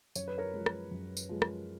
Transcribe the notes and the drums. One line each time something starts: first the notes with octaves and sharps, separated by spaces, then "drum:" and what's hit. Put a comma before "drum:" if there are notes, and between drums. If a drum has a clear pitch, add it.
F#2 C#5, drum: tambourine
B4
A#4 C#5
F3 G#3
drum: rim click
F#2
drum: tambourine
F3 G#3
drum: rim click